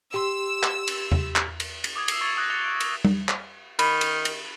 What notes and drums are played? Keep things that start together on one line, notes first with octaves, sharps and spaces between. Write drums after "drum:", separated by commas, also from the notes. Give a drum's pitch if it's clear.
G4 C6 E6
drum: clap
drum: cymbal
drum: tom E2
drum: clap
drum: cymbal
drum: cymbal
D6 D#6 G#6
E6 C7, drum: cymbal
C#6 G#6 A6 C#7 F7
D#6 F#6 G#6 A#6
F#6 A6 C7 C#7 F7 G7
F#6 D7
drum: cymbal
drum: tom G3
drum: clap
D#3 B5, drum: cymbal
drum: cymbal
drum: cymbal